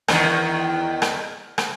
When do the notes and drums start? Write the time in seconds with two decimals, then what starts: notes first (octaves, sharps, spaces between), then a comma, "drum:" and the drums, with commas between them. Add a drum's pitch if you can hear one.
0.08 E2 D3 D#3, drum: rim click
1.02 drum: rim click
1.58 drum: rim click